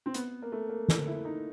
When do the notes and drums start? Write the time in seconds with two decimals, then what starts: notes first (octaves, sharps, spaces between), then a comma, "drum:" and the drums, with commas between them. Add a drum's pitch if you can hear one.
0.06 C4
0.14 B3, drum: hi-hat
0.42 A#3
0.52 A3
0.69 A#3
0.88 drum: snare
1.07 E4
1.25 D#4